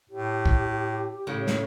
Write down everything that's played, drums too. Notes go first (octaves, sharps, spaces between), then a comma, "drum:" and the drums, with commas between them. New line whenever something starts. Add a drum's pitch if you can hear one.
A2 G4
drum: kick
A2 C#3
drum: snare